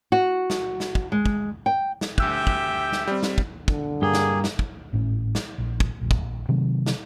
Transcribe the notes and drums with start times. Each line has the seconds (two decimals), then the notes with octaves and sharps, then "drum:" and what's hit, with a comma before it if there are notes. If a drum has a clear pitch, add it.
0.12 F#4
0.50 drum: snare
0.80 drum: snare
0.95 drum: kick
1.12 G#3
1.26 drum: kick
1.66 G5
2.01 drum: snare
2.18 D2 G4 E5 G5 E6 F#6, drum: kick
2.47 drum: kick
2.92 drum: snare
3.07 G3 C4
3.23 drum: snare
3.38 drum: kick
3.68 D3, drum: kick
4.02 G2 A#3 G4 G#4
4.14 drum: snare
4.44 drum: snare
4.59 drum: kick
4.93 G#1 A2 C#4
5.35 drum: snare
5.58 A#1
5.80 drum: kick
6.01 D#1 A#1
6.11 drum: kick
6.21 A#1
6.49 C3 D#3 F#3 A3
6.86 drum: snare